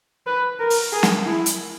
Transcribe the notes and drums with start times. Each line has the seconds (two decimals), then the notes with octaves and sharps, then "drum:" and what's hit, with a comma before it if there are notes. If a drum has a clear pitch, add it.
0.26 B4
0.59 A#4
0.70 drum: open hi-hat
0.92 G#4
1.03 drum: snare
1.26 E4
1.46 drum: hi-hat